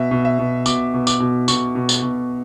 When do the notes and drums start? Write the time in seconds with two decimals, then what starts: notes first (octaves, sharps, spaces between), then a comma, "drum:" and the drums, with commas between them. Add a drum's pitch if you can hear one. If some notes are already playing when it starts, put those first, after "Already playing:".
Already playing: B2 E5
0.11 B2
0.25 E5
0.39 B2
0.66 B2 D6, drum: tambourine
0.94 B2
1.07 D6, drum: tambourine
1.20 B2
1.48 B2 C#6, drum: tambourine
1.75 B2
1.89 drum: tambourine
2.02 B2